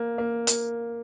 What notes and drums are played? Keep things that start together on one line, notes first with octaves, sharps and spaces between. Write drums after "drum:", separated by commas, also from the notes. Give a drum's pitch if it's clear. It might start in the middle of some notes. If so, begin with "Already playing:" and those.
Already playing: A#3
A#3
A#3, drum: hi-hat